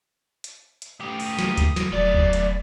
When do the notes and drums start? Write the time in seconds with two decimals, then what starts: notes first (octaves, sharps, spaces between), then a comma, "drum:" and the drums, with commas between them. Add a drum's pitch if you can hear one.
0.44 drum: hi-hat
0.82 drum: hi-hat
1.01 A2 G4 D#6
1.20 drum: open hi-hat
1.39 drum: snare
1.57 drum: kick D2, hi-hat
1.76 drum: snare
1.92 E1 F#3 A3 D5
2.14 drum: kick D2
2.33 drum: hi-hat